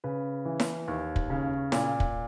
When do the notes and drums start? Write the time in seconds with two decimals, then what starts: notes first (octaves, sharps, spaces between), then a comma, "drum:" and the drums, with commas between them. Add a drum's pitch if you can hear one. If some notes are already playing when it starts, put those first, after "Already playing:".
0.04 C#3 B4
0.45 E3
0.60 drum: snare E4
0.88 D#2
1.16 drum: kick
1.30 C#3
1.72 A#2, drum: snare E4
2.00 drum: kick